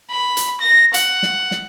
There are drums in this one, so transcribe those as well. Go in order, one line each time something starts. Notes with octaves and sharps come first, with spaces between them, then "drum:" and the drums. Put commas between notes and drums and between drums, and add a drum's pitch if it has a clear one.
B5
drum: hi-hat
A#6
F#5, drum: hi-hat
drum: snare
drum: snare